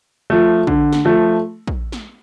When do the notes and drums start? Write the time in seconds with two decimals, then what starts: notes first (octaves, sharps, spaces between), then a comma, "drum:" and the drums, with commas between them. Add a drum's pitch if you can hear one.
0.30 F3 A3
0.67 D3, drum: kick
0.93 drum: snare
1.05 F3 A3
1.67 drum: kick
1.92 drum: snare